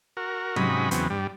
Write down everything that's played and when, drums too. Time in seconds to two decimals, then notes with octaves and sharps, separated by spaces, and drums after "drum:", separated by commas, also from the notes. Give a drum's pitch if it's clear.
0.17 F#4 A#4
0.56 G#2 C3 F#3 C#4 D#5 B5, drum: tom
0.91 E2 C#3 F#3 B3 C4, drum: hi-hat
1.10 G2 G3